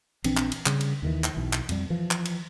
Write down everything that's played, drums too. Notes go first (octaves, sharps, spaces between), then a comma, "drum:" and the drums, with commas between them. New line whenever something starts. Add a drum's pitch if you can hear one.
A#1 E3 C4 D4, drum: cymbal
drum: clap
drum: cymbal
C#3 G3, drum: clap
drum: cymbal
D#2 D#3 E3
drum: clap
B1 E3
drum: clap
F2 G3, drum: cymbal
E3 F3
drum: clap
drum: cymbal